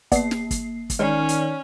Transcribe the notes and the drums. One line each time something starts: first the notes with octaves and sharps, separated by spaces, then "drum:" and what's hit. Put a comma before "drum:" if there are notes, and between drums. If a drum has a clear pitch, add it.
A#3 B3 D5 C7, drum: kick, hi-hat
drum: snare
drum: kick, hi-hat
drum: kick, hi-hat
D#3 G#3 C#4 C#5 D5 F6
drum: hi-hat